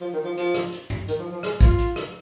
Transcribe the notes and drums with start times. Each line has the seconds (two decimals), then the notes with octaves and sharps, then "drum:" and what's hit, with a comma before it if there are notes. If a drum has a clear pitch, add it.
0.01 F3
0.13 D#3
0.25 F3
0.37 F3, drum: hi-hat
0.55 drum: rim click
0.72 drum: hi-hat
0.90 drum: tom
1.08 D#3, drum: hi-hat
1.19 F3
1.32 F3
1.43 G#3, drum: rim click
1.61 F4, drum: kick, hi-hat
1.78 drum: hi-hat
1.96 drum: rim click